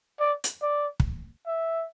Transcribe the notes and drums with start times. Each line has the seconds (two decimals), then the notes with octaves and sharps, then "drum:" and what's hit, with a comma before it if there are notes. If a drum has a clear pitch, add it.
0.20 D5
0.44 drum: hi-hat
0.61 D5
1.00 drum: kick
1.47 E5